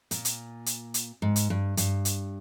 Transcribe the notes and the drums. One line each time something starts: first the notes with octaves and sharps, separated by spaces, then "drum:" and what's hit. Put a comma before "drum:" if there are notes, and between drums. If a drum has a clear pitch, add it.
A#2, drum: hi-hat
drum: hi-hat
drum: hi-hat
drum: hi-hat
G#2
drum: hi-hat
G2
G2, drum: hi-hat
drum: hi-hat